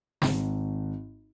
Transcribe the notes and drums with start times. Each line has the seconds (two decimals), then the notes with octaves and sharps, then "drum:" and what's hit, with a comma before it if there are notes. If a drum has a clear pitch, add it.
0.22 G#1, drum: snare